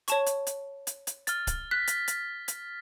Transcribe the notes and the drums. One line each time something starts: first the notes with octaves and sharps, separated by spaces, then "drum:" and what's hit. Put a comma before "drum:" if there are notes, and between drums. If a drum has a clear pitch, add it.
C#5 A5 C#6, drum: hi-hat
drum: hi-hat
drum: hi-hat
drum: hi-hat
drum: hi-hat
F6 A6, drum: hi-hat
drum: kick C#1, hi-hat
F#6 B6
drum: hi-hat
drum: hi-hat
drum: hi-hat